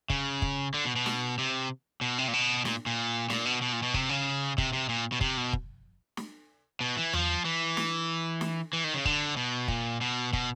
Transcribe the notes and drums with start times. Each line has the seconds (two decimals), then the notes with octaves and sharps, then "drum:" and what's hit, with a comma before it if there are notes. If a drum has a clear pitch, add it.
0.10 C#3, drum: kick
0.42 drum: kick
0.74 D3
0.85 B2
0.96 B2
1.06 drum: snare
1.38 C3
2.01 B2
2.18 C3
2.28 A#2
2.33 B2
2.65 A#2, drum: snare
2.86 A#2
3.30 A#2, drum: snare
3.45 B2
3.62 B2
3.73 A#2
3.82 B2
3.94 C3, drum: kick
4.09 C#3
4.58 C3, drum: kick
4.73 C3
4.89 A#2
5.12 B2
5.21 C3, drum: kick
5.37 B2
5.53 drum: kick
6.17 drum: snare
6.81 B2
6.97 E3
7.13 F3, drum: tom E2
7.45 E3
7.77 drum: snare
8.41 drum: snare
8.73 E3
8.84 D#3
8.94 C#3
9.05 D3, drum: kick
9.36 B2
9.68 A#2, drum: kick
10.01 B2
10.33 B2, drum: kick